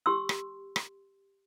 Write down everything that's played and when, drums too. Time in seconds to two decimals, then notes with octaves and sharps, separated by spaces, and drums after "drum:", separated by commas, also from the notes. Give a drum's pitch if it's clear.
0.06 G4 C6 E6
0.29 drum: rim click
0.76 drum: rim click